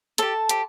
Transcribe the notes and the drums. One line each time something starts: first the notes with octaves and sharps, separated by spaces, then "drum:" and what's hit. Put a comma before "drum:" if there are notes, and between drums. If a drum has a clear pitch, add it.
G4 A4 C5 A5, drum: hi-hat
G4 C5, drum: hi-hat